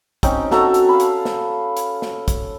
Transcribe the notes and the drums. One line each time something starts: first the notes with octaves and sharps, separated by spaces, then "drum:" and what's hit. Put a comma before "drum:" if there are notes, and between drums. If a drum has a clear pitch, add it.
C4 C#4 D#4 G5, drum: kick, hi-hat
F#4 A4 E5 A#5, drum: snare
drum: hi-hat
F5 A5 B5
drum: hi-hat
drum: snare
drum: hi-hat
drum: snare
drum: kick, hi-hat